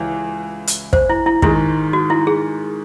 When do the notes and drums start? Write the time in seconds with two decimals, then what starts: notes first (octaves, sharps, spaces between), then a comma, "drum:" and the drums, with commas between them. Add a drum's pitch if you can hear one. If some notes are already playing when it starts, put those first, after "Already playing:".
Already playing: C#2 E3
0.67 drum: hi-hat
0.93 C5, drum: kick
1.09 E4
1.26 E4
1.42 G#2 D#3 G#3 E4, drum: kick
1.93 F#4
2.10 E4
2.27 G#4